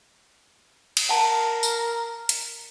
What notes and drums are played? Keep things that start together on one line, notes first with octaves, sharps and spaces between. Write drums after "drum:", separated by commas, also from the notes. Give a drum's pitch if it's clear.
drum: cymbal
A#4 F#5 A5
drum: tambourine
drum: hi-hat